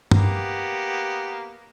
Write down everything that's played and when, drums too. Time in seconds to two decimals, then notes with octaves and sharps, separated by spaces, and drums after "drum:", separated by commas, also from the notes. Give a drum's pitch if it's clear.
0.11 A#3 B3 G4, drum: tom